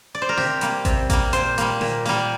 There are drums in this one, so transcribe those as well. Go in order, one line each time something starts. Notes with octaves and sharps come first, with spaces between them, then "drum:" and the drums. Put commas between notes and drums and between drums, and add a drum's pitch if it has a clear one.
D5
C5
A#4
C3 G4, drum: snare
G3 A#3, drum: hi-hat
C3, drum: kick A1, hi-hat
G3 A#3, drum: kick A1, hi-hat
A#2 C5, drum: hi-hat
G3 A#3, drum: hi-hat
A#2, drum: snare
G3 A#3, drum: open hi-hat